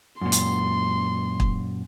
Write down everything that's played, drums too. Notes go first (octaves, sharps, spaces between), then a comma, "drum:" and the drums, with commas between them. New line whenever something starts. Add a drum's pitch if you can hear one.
F#2 A#2 C6
drum: hi-hat
drum: kick